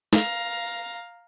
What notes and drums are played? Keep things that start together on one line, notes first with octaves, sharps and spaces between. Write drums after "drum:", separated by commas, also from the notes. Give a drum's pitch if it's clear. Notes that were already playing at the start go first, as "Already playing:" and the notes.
F5 A#5, drum: snare